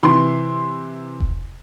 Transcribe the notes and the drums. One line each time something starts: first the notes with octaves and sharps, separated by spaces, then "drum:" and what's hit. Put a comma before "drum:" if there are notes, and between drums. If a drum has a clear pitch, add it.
C3 E3 C6
drum: kick E1